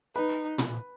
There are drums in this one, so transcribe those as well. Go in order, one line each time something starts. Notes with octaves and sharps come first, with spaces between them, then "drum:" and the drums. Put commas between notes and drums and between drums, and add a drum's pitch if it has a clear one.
D#4 B4
drum: tom